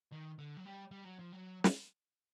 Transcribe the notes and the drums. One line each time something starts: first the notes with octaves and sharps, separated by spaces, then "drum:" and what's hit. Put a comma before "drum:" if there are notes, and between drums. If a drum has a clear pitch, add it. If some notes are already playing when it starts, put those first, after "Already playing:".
D#3
D3
F#3
G3
G3
F#3
F3
F#3
drum: snare